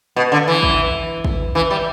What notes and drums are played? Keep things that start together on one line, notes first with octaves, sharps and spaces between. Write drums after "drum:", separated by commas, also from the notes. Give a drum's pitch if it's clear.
B2
D3
E3
drum: kick
drum: kick
E3
G3